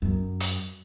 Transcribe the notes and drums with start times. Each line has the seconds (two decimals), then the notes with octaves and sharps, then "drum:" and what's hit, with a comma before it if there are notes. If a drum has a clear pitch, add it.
0.02 F#2
0.40 drum: hi-hat